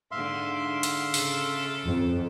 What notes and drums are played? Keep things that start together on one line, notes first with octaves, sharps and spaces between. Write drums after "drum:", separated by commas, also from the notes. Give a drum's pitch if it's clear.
G#2 D3 E5 F5 C6
drum: hi-hat
C#3 A4, drum: open hi-hat
F2